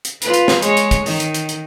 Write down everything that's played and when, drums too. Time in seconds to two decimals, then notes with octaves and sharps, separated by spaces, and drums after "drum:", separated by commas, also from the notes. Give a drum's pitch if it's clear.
0.05 drum: hi-hat
0.22 F4 B4, drum: hi-hat
0.34 drum: hi-hat
0.48 drum: snare
0.62 G#3 C#5, drum: hi-hat
0.77 drum: hi-hat
0.91 drum: kick, hi-hat
1.06 D#3, drum: open hi-hat
1.20 drum: hi-hat
1.34 drum: hi-hat
1.49 drum: hi-hat